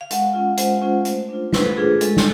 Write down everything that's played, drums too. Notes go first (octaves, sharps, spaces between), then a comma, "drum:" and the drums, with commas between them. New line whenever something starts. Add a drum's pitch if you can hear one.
F5
G#3 F#5, drum: hi-hat
C#4 F4
G#3 C5, drum: hi-hat
C#4 F4
A3, drum: hi-hat
D4 F4
A3 B4, drum: snare
A4
D4 F4 G#4
G#3 A4, drum: hi-hat
drum: snare